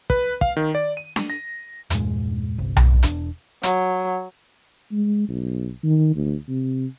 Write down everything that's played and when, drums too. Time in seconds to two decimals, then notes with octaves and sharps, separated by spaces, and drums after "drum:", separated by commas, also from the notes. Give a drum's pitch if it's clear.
0.10 B4, drum: kick
0.41 F5, drum: kick
0.57 D#3
0.75 D5
0.97 D#7
1.16 drum: snare D4
1.30 A#6
1.90 E2 G2 A#2 G#3, drum: hi-hat
2.58 G1 C2
2.77 drum: tom B1
3.03 E1 D4, drum: hi-hat
3.63 F#3, drum: hi-hat
4.92 G#3
5.29 B1
5.84 D#3
6.16 D2
6.48 C3